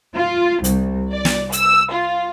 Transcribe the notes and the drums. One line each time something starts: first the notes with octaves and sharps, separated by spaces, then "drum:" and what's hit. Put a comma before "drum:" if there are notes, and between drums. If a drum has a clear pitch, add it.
F4
C2, drum: hi-hat
D5
drum: snare
E6, drum: hi-hat
F4